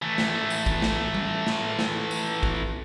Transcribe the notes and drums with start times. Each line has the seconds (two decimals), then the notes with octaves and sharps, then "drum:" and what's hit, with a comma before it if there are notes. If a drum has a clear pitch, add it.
0.02 E3 A3
0.18 drum: snare
0.50 drum: tambourine
0.66 drum: kick
0.82 drum: snare
1.14 drum: tom G3
1.47 drum: snare
1.79 drum: snare
2.11 drum: tambourine
2.43 drum: kick